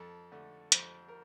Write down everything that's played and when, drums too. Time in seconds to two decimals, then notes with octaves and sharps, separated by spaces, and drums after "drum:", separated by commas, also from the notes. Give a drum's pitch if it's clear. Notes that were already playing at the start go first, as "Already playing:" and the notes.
Already playing: F2 A4
0.32 D3 A3
0.72 F2 C5, drum: hi-hat
1.08 A#4